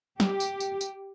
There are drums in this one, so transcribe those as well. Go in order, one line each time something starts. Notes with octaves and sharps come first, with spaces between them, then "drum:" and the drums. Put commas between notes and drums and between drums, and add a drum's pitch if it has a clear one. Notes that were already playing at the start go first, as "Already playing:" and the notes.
G4, drum: snare
drum: tambourine
drum: tambourine
drum: tambourine